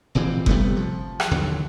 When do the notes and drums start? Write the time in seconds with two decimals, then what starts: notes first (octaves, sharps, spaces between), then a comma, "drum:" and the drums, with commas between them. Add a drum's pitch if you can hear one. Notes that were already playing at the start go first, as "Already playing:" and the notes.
0.15 F1 A#2 E3 C4
0.46 C3 G3 A3 B3, drum: kick F#1
0.77 F3
1.20 drum: rim click
1.31 D#2 D3 F#3